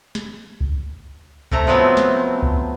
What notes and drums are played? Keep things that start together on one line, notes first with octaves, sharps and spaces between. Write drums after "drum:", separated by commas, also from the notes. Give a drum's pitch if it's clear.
drum: snare
drum: kick C#2
C3 A3 A#5, drum: kick C#2
F3 F#3 B3 C4
drum: snare
drum: kick C#2